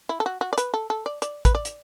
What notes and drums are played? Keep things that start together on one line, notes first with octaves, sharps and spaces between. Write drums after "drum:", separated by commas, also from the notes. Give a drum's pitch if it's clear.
E4
A4
F#4
F#4
D5
B4, drum: hi-hat
A4
A4
D5
D5, drum: hi-hat
B4, drum: kick, hi-hat
D5
drum: hi-hat